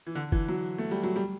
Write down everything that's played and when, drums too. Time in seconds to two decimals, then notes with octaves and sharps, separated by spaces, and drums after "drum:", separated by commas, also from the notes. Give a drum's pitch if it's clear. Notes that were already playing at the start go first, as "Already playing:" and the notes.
0.07 E3
0.15 D3
0.32 E3, drum: kick F#1
0.48 F#3
0.78 A3
0.91 G3
1.03 F#3
1.16 G3